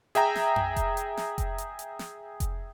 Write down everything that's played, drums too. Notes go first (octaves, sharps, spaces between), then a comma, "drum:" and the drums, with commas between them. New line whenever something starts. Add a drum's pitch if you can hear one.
G#4 E5 G5 A#5, drum: hi-hat
drum: snare
drum: tom F2
drum: kick F1, hi-hat
drum: hi-hat
drum: snare
drum: kick F1, hi-hat
drum: hi-hat
drum: hi-hat
drum: snare
drum: kick F1, hi-hat